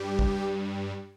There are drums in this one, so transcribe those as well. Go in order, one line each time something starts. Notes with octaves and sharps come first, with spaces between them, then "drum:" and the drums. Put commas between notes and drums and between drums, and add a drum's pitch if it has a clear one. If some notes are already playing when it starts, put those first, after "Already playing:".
Already playing: G2 G3 G4
drum: kick